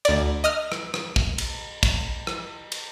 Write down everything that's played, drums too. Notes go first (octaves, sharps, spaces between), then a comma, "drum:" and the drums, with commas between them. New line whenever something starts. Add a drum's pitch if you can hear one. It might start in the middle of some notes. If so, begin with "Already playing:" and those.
D2 D5, drum: cymbal
D#5 D#6 F6
drum: rim click
drum: rim click
drum: kick
drum: cymbal
drum: kick, cymbal
drum: rim click
drum: cymbal